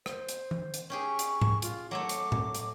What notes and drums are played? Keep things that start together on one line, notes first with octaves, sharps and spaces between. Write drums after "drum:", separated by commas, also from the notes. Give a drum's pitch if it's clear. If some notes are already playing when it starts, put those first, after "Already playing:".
C5, drum: rim click
drum: hi-hat
drum: tom
drum: hi-hat
C#4 G4 G#4 C#6
drum: hi-hat
drum: tom G#2
F4, drum: hi-hat
F#3 A3 C#5 D6
drum: hi-hat
drum: tom A2
drum: hi-hat